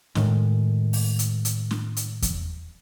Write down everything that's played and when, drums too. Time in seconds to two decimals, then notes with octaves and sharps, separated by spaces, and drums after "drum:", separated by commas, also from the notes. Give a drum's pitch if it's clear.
0.15 A2 D#3 G#3, drum: snare
0.93 drum: open hi-hat
1.19 drum: hi-hat
1.45 drum: hi-hat
1.71 drum: snare
1.97 drum: hi-hat
2.22 drum: kick E2, hi-hat